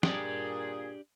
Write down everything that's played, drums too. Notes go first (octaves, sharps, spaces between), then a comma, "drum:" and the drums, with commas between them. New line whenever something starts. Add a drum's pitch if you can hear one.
A#2 D4 G4 G#4 D5, drum: snare